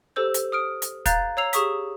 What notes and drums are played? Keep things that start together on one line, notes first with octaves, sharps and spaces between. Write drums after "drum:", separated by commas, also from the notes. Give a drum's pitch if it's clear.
G4 A4 C5 E6 G6
drum: hi-hat
D#6 F6 D7
drum: hi-hat
F5 A#5 F#6 G6 A6, drum: kick, hi-hat
C#5 A#5 E6 C7 F7
G4 G#4 C#6 D#6 B6, drum: hi-hat